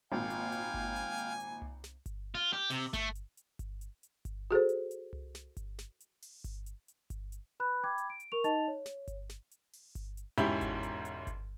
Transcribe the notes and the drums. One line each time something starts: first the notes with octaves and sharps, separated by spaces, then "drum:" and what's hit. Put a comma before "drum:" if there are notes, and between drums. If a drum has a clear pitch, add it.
G#1 A#2 F5 G5 G#5
drum: hi-hat
drum: hi-hat
drum: kick G1
drum: hi-hat
drum: hi-hat
drum: hi-hat
drum: tom C2
drum: snare
drum: kick G1, hi-hat
F4
G4
C3, drum: open hi-hat
A3, drum: kick G1, hi-hat
drum: hi-hat
drum: hi-hat
drum: kick G1, hi-hat
drum: hi-hat
drum: hi-hat
drum: kick G1, hi-hat
F#4 G#4 A4 C5
drum: hi-hat
drum: hi-hat
drum: tom C2
drum: snare
drum: kick G1, hi-hat
drum: snare
drum: hi-hat
drum: open hi-hat
drum: kick G1, hi-hat
drum: hi-hat
drum: hi-hat
drum: kick G1, hi-hat
drum: hi-hat
B4 B5 F#6
G5 B5 D6 G#6
drum: hi-hat
D7
drum: hi-hat
A#4 C#6 F7
D#4 D#5 A5 A6 F7, drum: hi-hat
C#5
drum: snare
drum: kick G1, hi-hat
drum: snare
drum: hi-hat
drum: open hi-hat
drum: kick G1, hi-hat
drum: hi-hat
E1 G#2 C#4 E4 G4 B5, drum: hi-hat
drum: kick G1, hi-hat
drum: hi-hat
drum: hi-hat
drum: kick G1, hi-hat